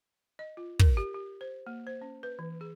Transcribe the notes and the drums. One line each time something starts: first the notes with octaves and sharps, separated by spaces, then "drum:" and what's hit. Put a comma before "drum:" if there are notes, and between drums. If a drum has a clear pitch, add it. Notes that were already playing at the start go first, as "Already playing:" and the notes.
D#5
F4
A#4, drum: kick
G4
G4
C5
A#3
C5
C#4
B4
E3
G#4